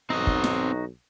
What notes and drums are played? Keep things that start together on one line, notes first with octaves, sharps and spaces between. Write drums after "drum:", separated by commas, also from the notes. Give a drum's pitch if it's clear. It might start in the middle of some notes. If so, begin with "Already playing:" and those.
B1 C4 D#4 F#4 D#5
drum: kick
drum: snare